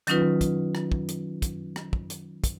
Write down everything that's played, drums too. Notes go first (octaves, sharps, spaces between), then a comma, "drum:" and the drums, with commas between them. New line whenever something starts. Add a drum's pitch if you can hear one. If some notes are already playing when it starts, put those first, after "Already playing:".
D#3 F#3 C#4 D#4 F4 B4, drum: hi-hat
drum: kick, hi-hat
drum: rim click
drum: kick
drum: hi-hat
drum: kick, hi-hat
drum: rim click
drum: kick
drum: hi-hat
drum: kick, hi-hat